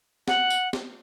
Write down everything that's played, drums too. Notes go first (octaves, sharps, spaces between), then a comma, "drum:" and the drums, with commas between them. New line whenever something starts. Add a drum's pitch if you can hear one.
F#5, drum: snare
drum: tambourine
drum: snare